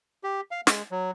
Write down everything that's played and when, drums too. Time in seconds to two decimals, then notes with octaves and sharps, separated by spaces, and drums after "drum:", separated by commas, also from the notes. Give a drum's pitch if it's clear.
0.24 G4
0.51 F5
0.67 G#3, drum: snare
0.91 F#3